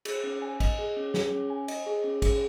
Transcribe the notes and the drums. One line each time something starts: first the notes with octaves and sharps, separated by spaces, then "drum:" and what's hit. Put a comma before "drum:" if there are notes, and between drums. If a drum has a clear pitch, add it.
G#4, drum: cymbal
C#4
G#5
D#5, drum: kick, cymbal
G#4
C#4
G#4, drum: snare
C#4
G#5
D#5, drum: cymbal
G#4
C#4
G#4, drum: kick, cymbal